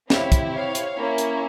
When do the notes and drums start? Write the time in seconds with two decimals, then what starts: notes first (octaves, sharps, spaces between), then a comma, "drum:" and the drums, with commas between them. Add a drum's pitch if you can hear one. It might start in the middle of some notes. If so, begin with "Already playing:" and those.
0.10 C4 E4 G4 C#5 F5, drum: snare
0.32 drum: kick, hi-hat
0.54 C#5 F5
0.75 drum: hi-hat
0.97 A#3 C#4 E4
1.18 drum: hi-hat